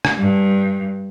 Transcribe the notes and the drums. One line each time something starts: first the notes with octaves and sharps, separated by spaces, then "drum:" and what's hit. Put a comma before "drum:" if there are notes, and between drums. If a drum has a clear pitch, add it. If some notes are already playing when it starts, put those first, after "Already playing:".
drum: rim click
G2